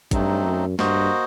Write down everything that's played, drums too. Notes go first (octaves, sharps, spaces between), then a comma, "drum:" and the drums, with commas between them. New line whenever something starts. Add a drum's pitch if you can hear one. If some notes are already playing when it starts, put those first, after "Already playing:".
G2 F#3 A3 C4 D#4, drum: kick, hi-hat
F#2
G2 A#3 F#4 C5 D#5, drum: snare